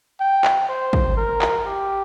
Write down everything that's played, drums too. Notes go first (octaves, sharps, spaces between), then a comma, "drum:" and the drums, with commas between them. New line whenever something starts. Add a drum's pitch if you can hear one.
G5
drum: clap
C5
drum: kick
A#4
drum: clap
G4